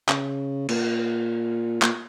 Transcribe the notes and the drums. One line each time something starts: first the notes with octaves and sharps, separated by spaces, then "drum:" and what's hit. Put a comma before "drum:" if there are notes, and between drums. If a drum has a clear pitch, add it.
C#3, drum: clap
A#2, drum: cymbal
A#2, drum: clap